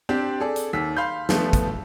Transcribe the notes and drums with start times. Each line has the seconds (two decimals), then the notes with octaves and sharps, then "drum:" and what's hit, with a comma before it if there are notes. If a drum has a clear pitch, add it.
0.09 C4 D4 G4 D5
0.40 G#4 A4 D5
0.56 drum: hi-hat
0.73 D#2 E6 B6
0.97 F5 B5 C6 G6
1.29 F3 A3 B3, drum: snare
1.53 drum: kick, hi-hat